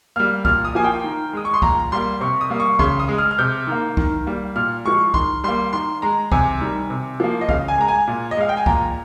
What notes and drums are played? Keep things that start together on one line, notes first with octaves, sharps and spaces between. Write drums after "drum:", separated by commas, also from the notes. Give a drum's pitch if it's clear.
G3 A#3 F6
A#2 F6, drum: kick C2
D#6
F3 A#3 G#5
G5
D#3
G#3 D#6
C#6
C6
A#2 A#5, drum: kick C2
G3 A#3 C6
C3 C#6
D#6
G3 A#3
C#6
C#3 C6, drum: kick C2
D#6
G#3
F6
F6
C3 G6
D#3 A#3
D#3, drum: kick C2
G3 A#3
A#2 F6
F3 G#3 C#6
D#3 C6, drum: kick C2
G3 A#3 C6
D#3 C6
G#3 A#5
C3 G#5, drum: kick C2
D#3 G3
C3
F3 A#3
D#5
C#3 F5, drum: kick C2
G#5
G#3 A#5
G#5
A#2
D#5
G#3 F5
G5
G#5
A#2 A#5, drum: kick C2